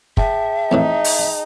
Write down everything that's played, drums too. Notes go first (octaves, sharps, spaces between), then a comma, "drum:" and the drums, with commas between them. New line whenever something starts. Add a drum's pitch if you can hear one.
G#4 E5 G5 A5, drum: kick
F2 A2 E3 D#4
drum: open hi-hat